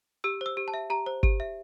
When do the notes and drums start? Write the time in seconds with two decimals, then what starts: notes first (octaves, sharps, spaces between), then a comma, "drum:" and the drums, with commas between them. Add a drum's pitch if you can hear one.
0.24 G4 E6
0.41 C5 E6
0.57 G4
0.68 A5
0.74 E5
0.90 G4 A#5
1.06 C5
1.23 G4, drum: kick G#1
1.40 E5